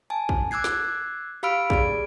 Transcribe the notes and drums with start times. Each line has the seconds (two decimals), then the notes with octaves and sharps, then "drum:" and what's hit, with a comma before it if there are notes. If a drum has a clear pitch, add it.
0.10 G#5 A5
0.29 drum: kick
0.51 D6 E6 F#6 G#6 C7
0.64 drum: snare
1.43 G4 F5 B5 E6 F6 D7
1.70 G#4 D5 D7, drum: kick